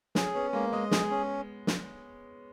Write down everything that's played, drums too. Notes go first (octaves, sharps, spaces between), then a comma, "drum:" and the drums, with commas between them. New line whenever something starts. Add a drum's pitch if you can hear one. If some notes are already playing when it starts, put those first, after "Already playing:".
C#4 G#4, drum: snare
B3 C#4
G#3 A#3
G#3 D#5
G#4, drum: snare
C#4
drum: snare